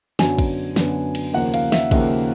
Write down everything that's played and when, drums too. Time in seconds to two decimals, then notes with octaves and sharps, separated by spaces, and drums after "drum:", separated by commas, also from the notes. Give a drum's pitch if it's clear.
0.19 F#2 D3 F#3 B3 G#5, drum: snare
0.38 drum: kick, cymbal
0.76 F#2 D3 F#3 B3, drum: snare
1.15 drum: cymbal
1.34 D#2 C#3 F3 A#3 F#5
1.54 F5, drum: cymbal
1.72 E5, drum: snare
1.91 D#2 C#3 F3 A#3, drum: kick, cymbal